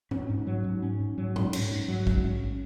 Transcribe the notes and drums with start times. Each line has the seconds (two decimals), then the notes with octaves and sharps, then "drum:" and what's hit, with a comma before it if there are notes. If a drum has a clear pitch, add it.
0.11 C#4, drum: tom G#2
0.29 G#2
0.47 F#3
0.64 G#2
0.82 C#4
1.00 G#2
1.18 F#3
1.36 G#2, drum: tom A2
1.53 C#4, drum: cymbal
1.71 G#2
1.88 F#3
2.07 G#2, drum: kick A1
2.24 C#4